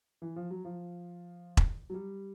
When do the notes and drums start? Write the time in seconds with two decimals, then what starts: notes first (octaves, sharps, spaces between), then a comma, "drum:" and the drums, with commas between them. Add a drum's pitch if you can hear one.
0.22 E3
0.36 F3
0.51 F#3
0.65 F3
1.57 drum: kick E1
1.90 F#3
1.94 G3